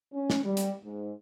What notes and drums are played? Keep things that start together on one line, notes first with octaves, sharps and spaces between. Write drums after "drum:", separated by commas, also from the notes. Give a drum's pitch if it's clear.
C#4
drum: snare
G3
drum: hi-hat
G#2